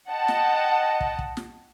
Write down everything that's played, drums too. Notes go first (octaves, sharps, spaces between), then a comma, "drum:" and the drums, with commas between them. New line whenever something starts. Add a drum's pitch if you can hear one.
D#5 F#5 G5 A5
drum: snare
drum: kick
drum: kick
drum: snare